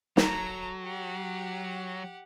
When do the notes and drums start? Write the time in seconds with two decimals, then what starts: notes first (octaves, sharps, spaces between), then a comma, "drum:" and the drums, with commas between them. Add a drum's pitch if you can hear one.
0.17 F#3 A4 A#5, drum: snare
0.84 G4 F#5